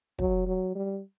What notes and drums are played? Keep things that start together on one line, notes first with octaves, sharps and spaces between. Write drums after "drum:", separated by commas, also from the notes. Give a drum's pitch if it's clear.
F#3, drum: kick
F#3
G3